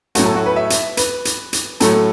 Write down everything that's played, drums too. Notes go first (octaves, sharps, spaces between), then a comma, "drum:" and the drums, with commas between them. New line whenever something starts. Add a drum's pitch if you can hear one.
A2 F#3 A3 F#4, drum: hi-hat
A4
F#4
B4
E5
drum: hi-hat
B4, drum: hi-hat
drum: hi-hat
drum: hi-hat
A2 F#3 A3 A4, drum: hi-hat